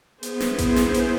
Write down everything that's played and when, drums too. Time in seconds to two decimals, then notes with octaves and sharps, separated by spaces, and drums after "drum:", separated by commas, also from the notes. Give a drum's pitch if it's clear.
0.23 B3 E4 G#4 C5, drum: hi-hat
0.40 drum: snare
0.58 drum: kick A1, hi-hat
0.76 drum: snare
0.94 drum: hi-hat